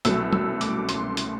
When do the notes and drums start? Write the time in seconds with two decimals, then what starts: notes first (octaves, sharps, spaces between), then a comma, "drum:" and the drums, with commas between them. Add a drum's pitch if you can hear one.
0.05 C2 B2 F#3 A3 E6, drum: hi-hat
0.33 E6, drum: tom
0.61 D6, drum: hi-hat
0.89 C6, drum: hi-hat
1.17 drum: hi-hat